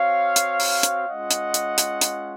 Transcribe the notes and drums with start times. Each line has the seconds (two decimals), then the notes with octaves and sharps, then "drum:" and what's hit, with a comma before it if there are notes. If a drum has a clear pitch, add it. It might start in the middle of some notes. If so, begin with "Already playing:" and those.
Already playing: C4 F#4 C#5 F5
0.36 drum: hi-hat
0.60 drum: open hi-hat
0.83 drum: hi-hat
1.06 G#3 C#4 F4 D#5 F#5
1.31 drum: hi-hat
1.54 drum: hi-hat
1.78 drum: hi-hat
2.01 drum: hi-hat